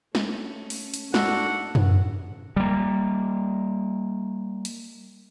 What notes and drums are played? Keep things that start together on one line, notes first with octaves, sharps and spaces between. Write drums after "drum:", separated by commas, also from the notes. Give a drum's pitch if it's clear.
A3 C#4, drum: snare
drum: open hi-hat
drum: hi-hat
G#2 D4 E4 F#4 A4 F#5, drum: snare
drum: tom F#2
G3 A#3
drum: hi-hat